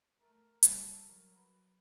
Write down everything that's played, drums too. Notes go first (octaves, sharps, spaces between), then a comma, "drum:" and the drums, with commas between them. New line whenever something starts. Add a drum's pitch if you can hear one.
A3 A#4
G3 A4, drum: hi-hat
F#3 A#4
B4